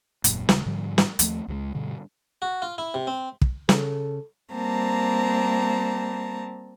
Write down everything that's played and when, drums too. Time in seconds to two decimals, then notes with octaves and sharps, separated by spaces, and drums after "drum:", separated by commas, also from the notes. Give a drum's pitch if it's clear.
0.24 D#1 F#2 A#2, drum: hi-hat
0.49 D#1 C#3 G#3, drum: snare
0.66 G#2 D3 F3 G3
0.98 drum: snare
1.19 D#2 F3 A3, drum: hi-hat
1.48 C#2 F#3 G#3
1.75 G2 B2 D3
2.42 F#4
2.62 F4
2.78 E4
2.94 C3
3.07 C4
3.41 drum: kick
3.69 C#3 A4, drum: snare
4.54 G3 A#3 C4 A5 A#5